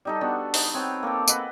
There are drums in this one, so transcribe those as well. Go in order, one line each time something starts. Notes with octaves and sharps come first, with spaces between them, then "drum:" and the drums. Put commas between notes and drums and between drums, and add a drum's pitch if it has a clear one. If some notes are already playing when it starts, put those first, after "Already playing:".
G3 D#4 A4
B3 D4 F#4
D#4, drum: open hi-hat
C4 B4 C#5 G5
A#3 A4 A5 D6
G#4 B4 D#5 F#5, drum: tambourine